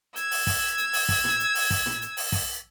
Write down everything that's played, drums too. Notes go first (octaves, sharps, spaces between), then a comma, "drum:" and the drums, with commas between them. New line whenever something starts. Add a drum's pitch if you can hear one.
E6 G#6, drum: hi-hat
drum: open hi-hat
drum: kick, open hi-hat
drum: hi-hat
drum: open hi-hat
drum: kick, open hi-hat
drum: tom A2
drum: hi-hat
drum: open hi-hat
drum: kick, open hi-hat
drum: tom A2
drum: hi-hat
drum: open hi-hat
drum: kick, open hi-hat